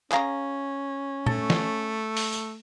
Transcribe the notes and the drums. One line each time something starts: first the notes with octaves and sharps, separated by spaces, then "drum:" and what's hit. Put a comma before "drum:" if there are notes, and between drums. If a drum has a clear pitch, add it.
C#4 G#4 F5 A#5, drum: clap
A3 A4, drum: tom A#2
drum: snare
drum: open hi-hat
drum: tambourine